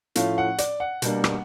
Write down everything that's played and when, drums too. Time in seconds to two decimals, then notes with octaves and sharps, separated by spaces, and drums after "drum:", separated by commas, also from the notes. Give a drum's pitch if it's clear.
0.15 A2 F3 A3 C#4 F5, drum: hi-hat
0.38 F#5
0.58 D5, drum: hi-hat
0.80 F#5
1.02 B2 G3 A#3 D4, drum: hi-hat
1.24 drum: rim click